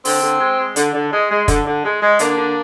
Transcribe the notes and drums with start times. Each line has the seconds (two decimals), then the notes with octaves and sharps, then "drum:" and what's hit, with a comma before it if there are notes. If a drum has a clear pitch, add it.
0.05 D3 C4, drum: open hi-hat
0.23 D3
0.40 G#3
0.59 G#3
0.76 D3, drum: hi-hat
0.94 D3
1.12 G#3
1.30 G#3
1.48 D3, drum: kick, hi-hat
1.66 D3
1.84 G#3
2.02 G#3
2.19 D3 A#3 D4, drum: hi-hat
2.37 D3